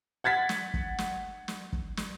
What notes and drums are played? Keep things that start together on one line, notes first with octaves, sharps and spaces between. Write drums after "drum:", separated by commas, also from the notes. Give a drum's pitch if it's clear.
F#5 G#6 A6 B6
drum: snare
drum: kick
drum: snare
drum: snare
drum: kick
drum: snare